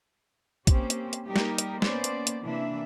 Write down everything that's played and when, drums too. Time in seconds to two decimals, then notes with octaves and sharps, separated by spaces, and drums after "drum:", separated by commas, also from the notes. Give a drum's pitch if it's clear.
0.67 A#3 C4 C#4 G4, drum: kick, hi-hat
0.90 drum: hi-hat
1.13 drum: hi-hat
1.26 G3 A#3 D#4 G4 A#4
1.36 drum: snare
1.58 drum: hi-hat
1.82 A#3 B3 C#4 C5 D5, drum: snare
2.04 drum: hi-hat
2.27 drum: hi-hat
2.41 C3 E3 A#3 D4 E5